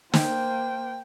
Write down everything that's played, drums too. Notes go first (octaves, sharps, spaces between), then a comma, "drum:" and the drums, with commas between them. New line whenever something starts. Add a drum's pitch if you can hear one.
A#3 C5 G5, drum: snare